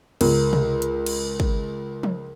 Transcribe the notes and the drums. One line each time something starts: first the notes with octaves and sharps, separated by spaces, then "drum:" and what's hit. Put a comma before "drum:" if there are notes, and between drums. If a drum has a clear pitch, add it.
C#2 A#4, drum: cymbal
drum: tom C3
drum: hi-hat
drum: cymbal
drum: kick
drum: tom F3